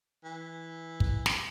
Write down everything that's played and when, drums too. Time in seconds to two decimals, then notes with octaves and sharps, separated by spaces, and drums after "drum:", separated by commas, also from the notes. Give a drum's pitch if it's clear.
0.24 E3
1.00 drum: kick
1.26 drum: snare